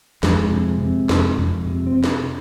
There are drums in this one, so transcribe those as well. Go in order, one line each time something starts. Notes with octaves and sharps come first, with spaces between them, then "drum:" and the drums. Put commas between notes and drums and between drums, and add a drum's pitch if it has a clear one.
F2 G#3, drum: snare
C3
C3
F2, drum: snare
F2
C3
C4
drum: snare